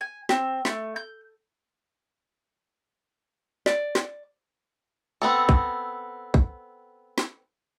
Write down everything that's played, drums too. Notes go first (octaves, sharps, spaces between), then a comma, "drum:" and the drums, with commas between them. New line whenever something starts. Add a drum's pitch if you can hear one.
G#5
C4, drum: snare
A3, drum: snare
G6
D5, drum: snare
drum: snare
B3 C4 A4
drum: kick
drum: kick
drum: snare